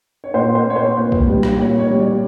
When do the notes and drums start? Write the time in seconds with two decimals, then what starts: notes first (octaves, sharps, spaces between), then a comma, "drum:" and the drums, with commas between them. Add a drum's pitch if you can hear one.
0.24 C#5
0.34 A#2 C5
0.55 C5
0.66 A#2 C#5
0.76 C5
0.96 A#2 B4
1.12 drum: kick
1.28 G3
1.43 drum: rim click
1.59 A#2 C#5
1.79 C#5
1.90 G3
2.00 D5